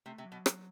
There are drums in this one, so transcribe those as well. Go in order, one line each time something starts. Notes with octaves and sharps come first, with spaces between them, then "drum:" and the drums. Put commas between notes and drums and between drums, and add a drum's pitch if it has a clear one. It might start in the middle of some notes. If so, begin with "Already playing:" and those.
C3 A3
C3
F#3
B2
drum: rim click